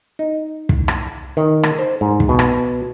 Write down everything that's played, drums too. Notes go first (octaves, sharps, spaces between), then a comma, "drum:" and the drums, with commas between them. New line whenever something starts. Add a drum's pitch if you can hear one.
D#4
drum: kick
drum: rim click
D#3
drum: rim click
C5
G#2
drum: kick
B2
drum: rim click